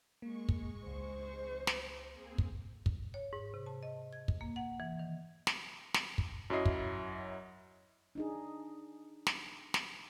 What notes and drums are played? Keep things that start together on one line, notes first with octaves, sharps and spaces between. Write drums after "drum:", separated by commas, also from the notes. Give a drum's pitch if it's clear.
G#3 A#3 C#6
drum: kick
C#2 C5
drum: snare
A#3 C4 G#4
drum: kick
drum: kick
C#5
G#2
C3
A5
D#5
G#6
drum: kick
A#3
F#5
E3
D#3
drum: snare
drum: snare
drum: kick
F#2 F#3 E4 D#5 C7
drum: kick
D4 D#4 G#4
drum: snare
drum: snare